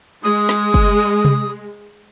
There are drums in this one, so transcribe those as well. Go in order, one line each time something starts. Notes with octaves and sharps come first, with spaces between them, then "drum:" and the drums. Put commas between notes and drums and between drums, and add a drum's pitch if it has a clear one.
G#3 D#6
drum: snare
drum: kick
drum: tom C3